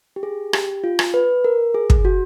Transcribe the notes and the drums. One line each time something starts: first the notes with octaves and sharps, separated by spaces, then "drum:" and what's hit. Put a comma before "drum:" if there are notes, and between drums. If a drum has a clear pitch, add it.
G4
G#4
G4, drum: rim click
F4
drum: rim click
B4
A#4
G#4
drum: kick
F#4